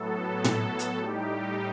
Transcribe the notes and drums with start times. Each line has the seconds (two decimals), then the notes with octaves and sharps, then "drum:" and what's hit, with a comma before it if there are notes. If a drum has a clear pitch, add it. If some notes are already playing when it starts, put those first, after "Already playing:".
Already playing: A2 F#3 B3 A4
0.44 A4, drum: tom A2
0.79 drum: hi-hat
0.99 A2 G3 D#4 G4